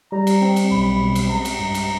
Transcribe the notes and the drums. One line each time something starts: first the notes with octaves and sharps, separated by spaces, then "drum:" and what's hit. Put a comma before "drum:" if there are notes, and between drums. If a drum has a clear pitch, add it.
G3 A#5
drum: cymbal
C4
drum: cymbal
B1 B5
B2
drum: cymbal
G#3 A#5
drum: cymbal
G2
drum: cymbal